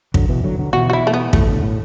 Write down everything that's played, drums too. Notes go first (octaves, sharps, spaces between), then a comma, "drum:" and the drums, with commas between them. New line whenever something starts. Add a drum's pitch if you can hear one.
D3 F#3, drum: kick
B2 E3
D3 F#3
D3 F#3
B2 E3 F#4
F#4
E4
A3
B3
E2 A2 A3, drum: kick
A2 D3
A2